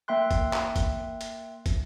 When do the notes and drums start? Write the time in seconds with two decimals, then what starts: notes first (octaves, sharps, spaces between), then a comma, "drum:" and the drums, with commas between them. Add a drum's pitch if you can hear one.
0.08 A#3 E5 G5 C6 F#6
0.31 drum: kick, hi-hat
0.53 drum: clap
0.76 drum: kick, hi-hat
1.21 drum: hi-hat
1.66 drum: kick, hi-hat